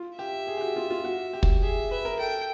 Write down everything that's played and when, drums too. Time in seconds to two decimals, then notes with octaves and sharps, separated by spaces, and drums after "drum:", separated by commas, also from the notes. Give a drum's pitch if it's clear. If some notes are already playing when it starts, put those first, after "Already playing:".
Already playing: F4
0.19 G4 E5
0.47 G#4
0.57 G4
0.61 F#4
0.76 F4
0.90 F4
1.04 F#4
1.33 G4
1.43 drum: kick
1.61 G#4 E5
1.91 B4 E5
2.05 A#4
2.19 A4 G5